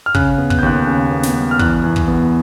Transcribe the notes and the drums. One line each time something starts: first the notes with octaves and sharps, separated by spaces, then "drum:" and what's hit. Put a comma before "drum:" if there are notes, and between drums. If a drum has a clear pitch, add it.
F6
C#3 F#6, drum: kick
B3
F#6, drum: kick
G6
D#2 F#6
C#3
B3
drum: snare
B3
F6
E2 F#6, drum: kick
E2
drum: kick
B3